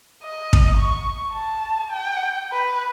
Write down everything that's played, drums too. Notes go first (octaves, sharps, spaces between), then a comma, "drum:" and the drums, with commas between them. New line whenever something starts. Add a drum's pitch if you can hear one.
D#5
drum: kick
C#6
A5
G5
B4